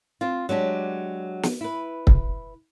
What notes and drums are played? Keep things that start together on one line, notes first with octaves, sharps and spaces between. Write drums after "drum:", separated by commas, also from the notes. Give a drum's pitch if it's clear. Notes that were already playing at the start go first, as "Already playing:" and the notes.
C4 F4
F#3 G#3 D4 G4
drum: snare
E4 B4
drum: kick